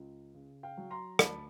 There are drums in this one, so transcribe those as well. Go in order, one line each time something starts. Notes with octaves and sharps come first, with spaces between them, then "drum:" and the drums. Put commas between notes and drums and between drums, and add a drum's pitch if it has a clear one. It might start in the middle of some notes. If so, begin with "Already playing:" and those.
Already playing: C#2
C#3
F5 G5
F#3
A#5 C6
D2 A5 B5, drum: rim click